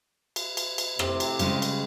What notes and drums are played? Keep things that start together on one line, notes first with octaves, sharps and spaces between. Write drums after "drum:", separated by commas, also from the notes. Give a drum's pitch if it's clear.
drum: cymbal
drum: cymbal
drum: cymbal
A2 C3, drum: rim click
drum: cymbal
C#3 G3 G#3, drum: cymbal
drum: cymbal